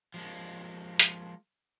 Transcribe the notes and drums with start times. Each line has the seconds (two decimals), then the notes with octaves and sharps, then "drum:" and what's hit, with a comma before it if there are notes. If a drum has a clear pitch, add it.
0.14 F3 G#3 A#3
0.99 drum: hi-hat